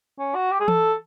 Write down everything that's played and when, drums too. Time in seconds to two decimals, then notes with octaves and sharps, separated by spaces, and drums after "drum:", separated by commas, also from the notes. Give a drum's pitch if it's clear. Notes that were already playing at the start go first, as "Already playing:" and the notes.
0.19 C#4
0.35 F#4
0.51 G4
0.60 G#4
0.68 A4, drum: tom E3